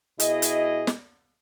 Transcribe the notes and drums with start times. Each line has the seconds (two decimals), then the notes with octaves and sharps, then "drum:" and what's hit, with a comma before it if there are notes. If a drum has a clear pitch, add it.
0.20 B2 E4 G#4 D#5, drum: hi-hat
0.42 drum: hi-hat
0.87 drum: snare